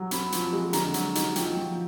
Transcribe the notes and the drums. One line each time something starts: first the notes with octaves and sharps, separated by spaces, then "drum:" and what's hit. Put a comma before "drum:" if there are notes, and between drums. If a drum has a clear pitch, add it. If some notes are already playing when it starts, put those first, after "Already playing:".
Already playing: F#3
C4 B5, drum: hi-hat
F3, drum: hi-hat
G#3
D3 A#5, drum: hi-hat
F#3, drum: hi-hat
D#4, drum: hi-hat
F3 G5, drum: hi-hat
F3